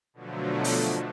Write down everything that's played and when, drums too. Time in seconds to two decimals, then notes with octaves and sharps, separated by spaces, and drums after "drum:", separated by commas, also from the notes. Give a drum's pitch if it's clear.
0.14 B2 D3 F3 F#3 A3
0.64 drum: open hi-hat